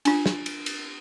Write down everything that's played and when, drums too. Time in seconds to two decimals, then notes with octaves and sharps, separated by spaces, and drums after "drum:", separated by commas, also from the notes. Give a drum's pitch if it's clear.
0.05 D4 F4, drum: cymbal
0.26 drum: snare
0.46 drum: cymbal
0.66 drum: cymbal